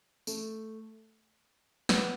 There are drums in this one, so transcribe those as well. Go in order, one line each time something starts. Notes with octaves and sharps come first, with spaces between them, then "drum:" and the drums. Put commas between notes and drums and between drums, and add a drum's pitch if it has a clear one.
A3, drum: tambourine
B3, drum: snare